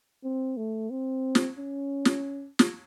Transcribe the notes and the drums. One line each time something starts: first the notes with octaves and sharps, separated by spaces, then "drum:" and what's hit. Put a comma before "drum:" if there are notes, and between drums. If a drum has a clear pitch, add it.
C4
A3
C4
drum: snare
C#4
drum: snare
drum: snare